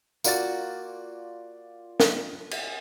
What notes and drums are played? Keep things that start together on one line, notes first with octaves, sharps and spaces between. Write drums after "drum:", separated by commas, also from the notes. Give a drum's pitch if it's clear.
A#3 F4 F#4 D5 A6, drum: tambourine
drum: snare
drum: cymbal